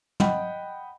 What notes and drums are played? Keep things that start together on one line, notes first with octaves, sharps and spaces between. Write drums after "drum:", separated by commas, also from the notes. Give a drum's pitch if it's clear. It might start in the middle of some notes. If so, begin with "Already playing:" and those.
D#5 F#5 G5 B5, drum: tom